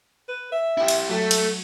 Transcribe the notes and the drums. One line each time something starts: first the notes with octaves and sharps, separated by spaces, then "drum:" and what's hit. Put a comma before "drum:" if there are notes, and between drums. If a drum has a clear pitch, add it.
B4
E5
E4 G4
drum: cymbal
F#3 A3
drum: cymbal